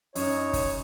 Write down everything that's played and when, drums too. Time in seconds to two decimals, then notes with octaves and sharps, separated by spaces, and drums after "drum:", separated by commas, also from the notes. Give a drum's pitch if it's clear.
0.15 F#2 D#4 C#5, drum: open hi-hat
0.53 drum: kick G1, open hi-hat